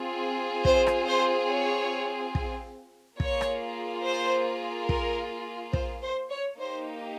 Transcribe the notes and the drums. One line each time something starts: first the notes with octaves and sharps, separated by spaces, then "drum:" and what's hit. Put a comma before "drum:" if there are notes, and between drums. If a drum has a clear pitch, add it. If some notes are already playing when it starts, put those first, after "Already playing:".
Already playing: C4 F4 G#4
C5, drum: kick
drum: rim click
C5
C#5
drum: kick
A#3 F4 G#4 C#5, drum: kick
drum: rim click
C5
A#4, drum: kick
C5, drum: kick
C5
C#5
A#3 D#4 G4 C5